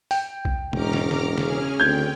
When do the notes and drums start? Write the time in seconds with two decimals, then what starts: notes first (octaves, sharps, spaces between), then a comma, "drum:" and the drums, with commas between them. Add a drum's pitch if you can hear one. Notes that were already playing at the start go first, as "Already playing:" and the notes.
0.11 G5, drum: open hi-hat
0.45 drum: kick B1
0.73 E1 G#2 C#4 D#4 A#5 D6 F6, drum: tom
0.93 drum: snare
1.11 drum: snare
1.38 C#3 C#4 G#4 F6, drum: snare
1.80 D2 C4 G5 G6 G#6